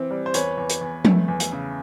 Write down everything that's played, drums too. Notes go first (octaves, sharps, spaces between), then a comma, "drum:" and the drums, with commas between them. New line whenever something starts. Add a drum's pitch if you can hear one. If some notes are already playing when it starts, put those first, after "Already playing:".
Already playing: E3 C4
G3
C5
E2 B4 C#5, drum: hi-hat
E2
drum: hi-hat
E2
A3, drum: tom F3
E2
drum: hi-hat
C#3